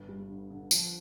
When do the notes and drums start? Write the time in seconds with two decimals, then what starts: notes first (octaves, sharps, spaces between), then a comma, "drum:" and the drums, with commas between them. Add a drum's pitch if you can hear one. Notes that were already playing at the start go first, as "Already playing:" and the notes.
Already playing: G1 G2
0.09 G3
0.29 D3
0.50 D3
0.71 F3, drum: tambourine